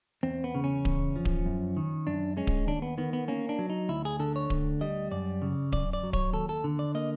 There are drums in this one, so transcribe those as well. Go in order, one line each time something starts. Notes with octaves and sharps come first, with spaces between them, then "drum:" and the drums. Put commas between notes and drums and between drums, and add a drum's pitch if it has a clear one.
E2 C4
B3
C#3
C#4
E2, drum: kick D1
F3
drum: kick D1
F#2
D#3
F#2 D4
G#3 C#4
drum: kick D1
D#2 D4
B3
D#3 B3
B3
A#3 C#4
D4
F#3
D#4
D2 E4
G#4
D3 A4
C#5
D2, drum: kick D1
G3 D#5
F#2 D5
C#3
F#2 D5, drum: kick D1
D5
F#3
C#5, drum: kick D1
D#2 A4
A4
D3
D5
A#3 D#5